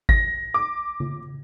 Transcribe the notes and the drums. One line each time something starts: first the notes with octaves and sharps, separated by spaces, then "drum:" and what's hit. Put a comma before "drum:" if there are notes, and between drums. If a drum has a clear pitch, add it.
A#6, drum: kick G#1
D6
drum: tom C#3